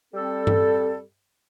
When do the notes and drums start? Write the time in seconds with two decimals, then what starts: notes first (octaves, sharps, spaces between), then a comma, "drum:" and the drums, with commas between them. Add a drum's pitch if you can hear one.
0.14 G3 C4 A4
0.47 drum: tom G2